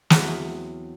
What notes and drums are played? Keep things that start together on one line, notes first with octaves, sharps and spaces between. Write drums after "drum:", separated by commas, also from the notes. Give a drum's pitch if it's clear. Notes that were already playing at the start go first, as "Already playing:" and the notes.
E2 F#3 C4 B4 A#5, drum: snare